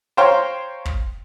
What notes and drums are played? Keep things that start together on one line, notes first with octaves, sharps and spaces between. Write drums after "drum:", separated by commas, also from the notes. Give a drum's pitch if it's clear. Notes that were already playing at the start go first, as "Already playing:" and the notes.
C5 C#5 F5 G5 A#5 C6
drum: kick